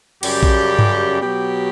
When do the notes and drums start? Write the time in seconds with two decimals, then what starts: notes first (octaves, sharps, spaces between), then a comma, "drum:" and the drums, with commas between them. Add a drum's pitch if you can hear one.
0.23 F#2 C#3 G3 G4, drum: cymbal
0.43 drum: kick A#1
0.79 drum: tom G2
1.21 B2 F#3 G4